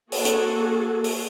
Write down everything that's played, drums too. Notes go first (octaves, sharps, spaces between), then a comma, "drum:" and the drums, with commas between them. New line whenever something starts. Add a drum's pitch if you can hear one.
A#3 F#4 G#4 A4, drum: open hi-hat
drum: hi-hat
drum: open hi-hat